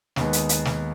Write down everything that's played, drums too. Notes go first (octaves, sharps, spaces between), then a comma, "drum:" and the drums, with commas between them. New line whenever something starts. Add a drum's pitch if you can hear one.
D#2 D#3 G#3 B3 D#4, drum: snare
drum: hi-hat
drum: hi-hat
drum: snare